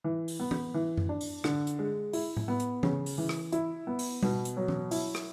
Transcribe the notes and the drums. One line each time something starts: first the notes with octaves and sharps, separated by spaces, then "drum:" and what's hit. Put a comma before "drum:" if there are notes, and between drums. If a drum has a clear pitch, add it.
E3
drum: open hi-hat
B3
drum: tom E3
E3
drum: tom F#2
D4
drum: open hi-hat
D3, drum: rim click
drum: hi-hat
G#3
E4, drum: open hi-hat
drum: tom A2
B3
drum: hi-hat
C#3, drum: tom E3
drum: open hi-hat
E3
drum: rim click
E4, drum: hi-hat
B3
drum: open hi-hat
B2, drum: tom G3
drum: hi-hat
F#3
drum: tom E3
E4, drum: open hi-hat
drum: rim click